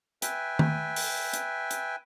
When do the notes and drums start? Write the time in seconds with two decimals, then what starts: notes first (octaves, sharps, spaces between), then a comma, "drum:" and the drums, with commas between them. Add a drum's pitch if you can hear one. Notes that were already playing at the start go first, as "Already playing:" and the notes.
0.22 B4 E5 G5 G#5, drum: hi-hat
0.59 drum: tom D#3
0.96 drum: open hi-hat
1.34 drum: hi-hat
1.71 drum: hi-hat